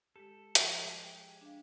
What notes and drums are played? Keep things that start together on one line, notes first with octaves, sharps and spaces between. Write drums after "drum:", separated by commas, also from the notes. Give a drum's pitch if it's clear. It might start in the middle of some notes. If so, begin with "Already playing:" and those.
G#3 G4 A4
F3, drum: hi-hat
G#3 G4
D4 F5